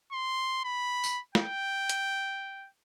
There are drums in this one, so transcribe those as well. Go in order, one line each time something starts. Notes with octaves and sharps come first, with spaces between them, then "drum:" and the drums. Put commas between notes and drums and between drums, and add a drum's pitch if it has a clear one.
C6
B5
drum: tambourine
G5, drum: snare
drum: hi-hat